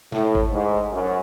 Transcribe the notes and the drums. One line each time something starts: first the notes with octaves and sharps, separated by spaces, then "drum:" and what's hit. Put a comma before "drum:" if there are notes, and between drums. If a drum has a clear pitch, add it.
A2, drum: snare
drum: kick G#1
G#2
F#2